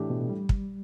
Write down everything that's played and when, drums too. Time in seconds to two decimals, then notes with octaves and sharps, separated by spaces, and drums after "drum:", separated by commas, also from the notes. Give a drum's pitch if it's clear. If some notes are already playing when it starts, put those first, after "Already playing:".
Already playing: A2 E3 A3 D4 G4
0.10 B2
0.29 G3
0.49 drum: kick